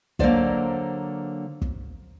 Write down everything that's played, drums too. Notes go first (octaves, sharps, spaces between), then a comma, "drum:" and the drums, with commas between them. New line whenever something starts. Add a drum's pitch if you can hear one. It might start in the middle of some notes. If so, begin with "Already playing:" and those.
D3 F#3 A#3 C5 D5, drum: kick
drum: kick